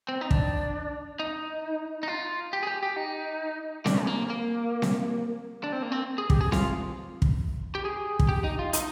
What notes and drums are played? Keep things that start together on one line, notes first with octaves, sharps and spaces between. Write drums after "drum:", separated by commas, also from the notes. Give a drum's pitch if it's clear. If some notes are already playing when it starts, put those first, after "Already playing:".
C4
D#4
D4, drum: kick
D#4
D#4
F4
G4
G#4
G4
G4
D#4
D4, drum: snare C4
G#3
A#3
A#3
drum: snare C4
D4
C4
A#3
C4
G#4
G4, drum: kick
G#4
F4, drum: snare C4
drum: kick
G4
G#4
drum: kick
G4
D#4
F4
D#4, drum: hi-hat